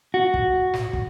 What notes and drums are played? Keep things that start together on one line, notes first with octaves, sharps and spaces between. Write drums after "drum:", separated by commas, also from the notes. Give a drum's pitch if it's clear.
F#4
drum: kick
drum: snare
drum: kick